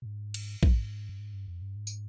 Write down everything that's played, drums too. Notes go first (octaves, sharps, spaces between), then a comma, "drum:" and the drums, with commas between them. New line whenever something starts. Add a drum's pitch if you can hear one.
B2
G#2
drum: cymbal
G#2, drum: kick
G2
G#2
G2
F2
G2
G#2
drum: tambourine